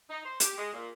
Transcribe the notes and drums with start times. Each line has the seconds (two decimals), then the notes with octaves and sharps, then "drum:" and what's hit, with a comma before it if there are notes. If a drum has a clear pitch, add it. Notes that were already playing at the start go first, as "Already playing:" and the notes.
0.09 D#4
0.24 C5
0.40 G4, drum: hi-hat
0.57 G#3
0.73 A#2